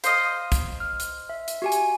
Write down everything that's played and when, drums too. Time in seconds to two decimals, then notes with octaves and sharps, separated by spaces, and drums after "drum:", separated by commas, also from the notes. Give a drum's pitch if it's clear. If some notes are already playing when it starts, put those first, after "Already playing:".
0.04 C5 D#5 F5 D#6 F6, drum: hi-hat
0.52 drum: kick, hi-hat
0.80 F6
1.00 drum: hi-hat
1.29 E5
1.48 drum: hi-hat
1.62 F#4 G4 G#5
1.72 drum: hi-hat